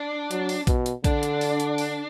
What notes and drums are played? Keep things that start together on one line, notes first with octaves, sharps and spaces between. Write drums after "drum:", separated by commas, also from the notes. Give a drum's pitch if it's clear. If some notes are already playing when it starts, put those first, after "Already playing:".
Already playing: D4
F#3, drum: hi-hat
drum: open hi-hat
B2, drum: kick A#1, hi-hat
drum: hi-hat
D3 D4, drum: kick A#1, hi-hat
drum: hi-hat
drum: open hi-hat
drum: hi-hat
drum: open hi-hat